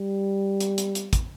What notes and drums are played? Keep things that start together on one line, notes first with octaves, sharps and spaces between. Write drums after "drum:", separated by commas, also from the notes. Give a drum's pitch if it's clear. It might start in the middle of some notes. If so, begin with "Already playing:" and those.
Already playing: G3
drum: hi-hat
drum: hi-hat
drum: hi-hat
drum: kick, hi-hat